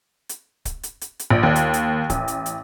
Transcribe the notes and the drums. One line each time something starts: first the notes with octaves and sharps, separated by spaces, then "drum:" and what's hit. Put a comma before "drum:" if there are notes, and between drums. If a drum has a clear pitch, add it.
drum: hi-hat
drum: kick C#1, hi-hat
drum: hi-hat
drum: hi-hat
drum: hi-hat
A#1
D#2
drum: hi-hat
drum: hi-hat
A1, drum: kick C#1, hi-hat
drum: hi-hat
drum: hi-hat